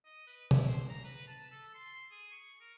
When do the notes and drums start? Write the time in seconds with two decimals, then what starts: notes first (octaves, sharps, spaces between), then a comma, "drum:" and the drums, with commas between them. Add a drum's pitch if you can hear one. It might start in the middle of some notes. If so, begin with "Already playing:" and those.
0.05 D#5
0.27 B4
0.51 E4, drum: tom
0.68 C5
0.89 A#5
1.04 B4
1.27 A5
1.52 A4
1.74 C6
2.11 G#4
2.31 C#6
2.60 A#4